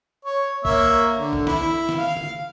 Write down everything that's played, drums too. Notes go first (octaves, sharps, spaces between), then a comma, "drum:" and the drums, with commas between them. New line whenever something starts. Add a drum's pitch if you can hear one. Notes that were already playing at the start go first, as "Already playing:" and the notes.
C#5
A#3 C#5 E5, drum: kick
D3
drum: kick
E4, drum: snare
drum: snare
F5
drum: tom D3